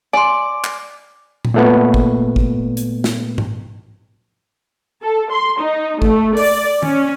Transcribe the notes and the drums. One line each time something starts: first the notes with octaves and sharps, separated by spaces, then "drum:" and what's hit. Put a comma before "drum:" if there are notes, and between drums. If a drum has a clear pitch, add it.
D5 G#5 C6
drum: clap
drum: tom A#2
A#2 A3 B3
drum: kick
drum: kick
drum: hi-hat
drum: snare
drum: tom G#2
A4
C6
D#4
A3, drum: kick
D5, drum: open hi-hat
C#4, drum: tom D#3